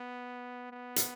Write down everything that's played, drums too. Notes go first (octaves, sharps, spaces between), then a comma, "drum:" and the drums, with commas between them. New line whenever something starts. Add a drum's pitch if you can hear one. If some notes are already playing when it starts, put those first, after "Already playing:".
Already playing: B3
B3
drum: hi-hat